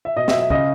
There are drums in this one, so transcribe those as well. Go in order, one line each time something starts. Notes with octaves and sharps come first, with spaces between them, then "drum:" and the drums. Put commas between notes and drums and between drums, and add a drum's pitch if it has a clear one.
E5
B2 D#5
E5, drum: snare
F#3
E5
C#3 D#5, drum: kick